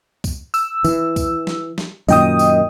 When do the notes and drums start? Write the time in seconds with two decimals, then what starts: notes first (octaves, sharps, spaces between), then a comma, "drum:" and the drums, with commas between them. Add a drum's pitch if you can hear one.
0.24 drum: kick, tambourine
0.54 E6, drum: tambourine
0.84 E3, drum: tambourine
1.16 drum: kick, tambourine
1.47 drum: snare
1.78 drum: snare
2.09 F#2 A#2 D#3 D#5 G5 D#6, drum: tambourine
2.39 drum: tambourine